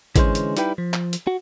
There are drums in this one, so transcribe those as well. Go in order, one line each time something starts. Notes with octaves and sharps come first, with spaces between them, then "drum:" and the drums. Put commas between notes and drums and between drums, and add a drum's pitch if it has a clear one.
D3 E3 G#3 C#4 C5, drum: kick, hi-hat
drum: hi-hat
G3 D#4 E4 B4 G5, drum: hi-hat
F3
drum: clap
drum: hi-hat
F#4